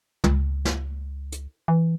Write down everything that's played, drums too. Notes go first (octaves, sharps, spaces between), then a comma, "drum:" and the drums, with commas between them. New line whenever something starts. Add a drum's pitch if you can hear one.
C#2, drum: tom
drum: snare
drum: hi-hat
E3